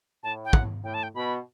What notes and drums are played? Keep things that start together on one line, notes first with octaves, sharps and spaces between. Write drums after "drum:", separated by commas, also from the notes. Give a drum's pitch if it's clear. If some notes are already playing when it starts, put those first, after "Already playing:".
A2 A5
G5
F#5, drum: kick
A2 G5
A5
G5
B2 B5